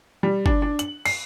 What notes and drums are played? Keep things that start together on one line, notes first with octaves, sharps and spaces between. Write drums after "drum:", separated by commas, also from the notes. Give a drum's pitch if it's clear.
G3
D4, drum: kick G1
D4
F#7, drum: hi-hat
C7, drum: cymbal